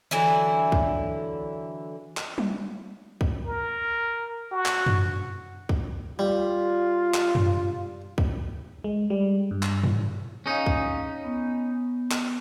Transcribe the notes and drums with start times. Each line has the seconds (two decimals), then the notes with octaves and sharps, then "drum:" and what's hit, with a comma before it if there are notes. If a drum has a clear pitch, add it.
0.11 D3 E3 F#3 E4
0.72 drum: kick
2.17 drum: clap
2.38 drum: tom F#3
3.21 drum: kick
3.46 A#4
4.52 F#4
4.66 drum: clap
4.86 drum: tom F#2
5.69 drum: kick
6.19 G3 F4
7.14 drum: clap
7.35 drum: tom F#2
8.18 drum: kick
8.84 G#3
9.10 G3
9.51 G2
9.63 drum: clap
9.84 drum: tom G#2
10.46 C#4 D#4 G#4 F5
10.66 drum: kick
11.24 B3
12.11 drum: clap